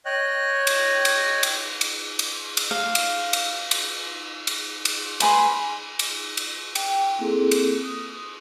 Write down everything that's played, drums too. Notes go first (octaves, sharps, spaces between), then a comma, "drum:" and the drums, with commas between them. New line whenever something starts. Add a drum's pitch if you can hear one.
C#5 D#5 G5 F#6
drum: cymbal
drum: cymbal
drum: cymbal
drum: cymbal
drum: cymbal
drum: cymbal
F5
drum: cymbal
drum: cymbal
drum: cymbal
drum: cymbal
drum: cymbal
B4 G#5 B5 C6, drum: cymbal
drum: cymbal
drum: cymbal
G5, drum: cymbal
A#3 C4 E4 G#4 A4
drum: cymbal
D#6